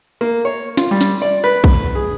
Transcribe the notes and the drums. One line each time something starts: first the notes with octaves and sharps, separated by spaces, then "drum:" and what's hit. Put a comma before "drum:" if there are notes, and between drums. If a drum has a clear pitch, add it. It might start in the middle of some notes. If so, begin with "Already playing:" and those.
A#3
C#5
F4, drum: snare
G3
drum: snare
D5
B4
drum: kick B1
G#4